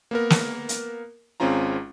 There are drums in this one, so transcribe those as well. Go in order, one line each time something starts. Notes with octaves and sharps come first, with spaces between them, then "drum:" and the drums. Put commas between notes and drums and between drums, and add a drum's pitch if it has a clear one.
A#3 B3 A#4
drum: snare
drum: hi-hat
G#1 G#3 C4 C#4 F4 A#5